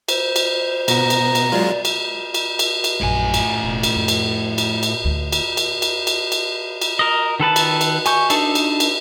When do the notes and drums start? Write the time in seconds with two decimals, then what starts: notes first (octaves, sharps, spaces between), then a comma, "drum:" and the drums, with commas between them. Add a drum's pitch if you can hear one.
0.08 C5, drum: cymbal
0.36 drum: cymbal
0.88 B2 B3 A#5, drum: cymbal
1.10 drum: cymbal
1.35 drum: cymbal
1.52 F#3 G#3 F4 D5
1.85 drum: cymbal
2.34 drum: cymbal
2.59 drum: cymbal
2.84 drum: cymbal
3.01 A#1 F#2 A2 G#5
3.34 drum: cymbal
3.64 E1
3.83 drum: cymbal
3.96 F2
4.08 drum: cymbal
4.58 drum: cymbal
4.83 drum: cymbal
5.05 D2 A3
5.32 drum: cymbal
5.57 drum: cymbal
5.82 drum: cymbal
6.07 drum: cymbal
6.32 drum: cymbal
6.81 drum: cymbal
6.99 A#4 D#5
7.40 D#3 A4 B4 A5
7.56 drum: cymbal
7.81 drum: cymbal
8.06 G#5 C#6 G6, drum: cymbal
8.30 D4 D#4 A4 D5 A5, drum: cymbal
8.55 drum: cymbal
8.80 drum: cymbal